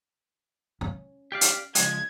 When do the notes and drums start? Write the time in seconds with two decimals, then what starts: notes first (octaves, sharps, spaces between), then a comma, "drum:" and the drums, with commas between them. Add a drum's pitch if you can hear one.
0.81 C#4
1.32 G4 D5 F5
1.41 drum: hi-hat
1.75 C#3 F3 G#3 G#6, drum: hi-hat